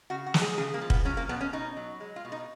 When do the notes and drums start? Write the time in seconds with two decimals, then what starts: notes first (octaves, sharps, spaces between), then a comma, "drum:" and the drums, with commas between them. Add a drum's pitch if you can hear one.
0.10 C#3 F#4
0.26 F#4
0.34 G#3, drum: snare
0.42 G#4
0.57 C#3 G#4
0.74 A#3
0.81 F3
0.90 B3, drum: kick
1.05 F#3 C#4
1.17 A#3
1.29 B2 B3
1.41 C#4
1.53 B2 D#4
1.77 F#3
2.00 G#3
2.16 F4
2.25 B2
2.32 D#4